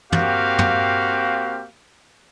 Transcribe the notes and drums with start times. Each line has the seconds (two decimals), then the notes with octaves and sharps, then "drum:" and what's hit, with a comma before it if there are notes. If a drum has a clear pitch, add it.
0.12 A#3 C4 F#4 G4 F5, drum: tom
0.58 drum: tom